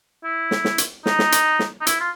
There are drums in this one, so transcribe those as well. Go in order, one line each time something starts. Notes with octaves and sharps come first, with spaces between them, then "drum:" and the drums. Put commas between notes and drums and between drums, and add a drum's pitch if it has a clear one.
E4
drum: snare
drum: snare
drum: hi-hat
D#4, drum: snare
drum: snare
drum: hi-hat
drum: snare
D#4
E4, drum: hi-hat
F4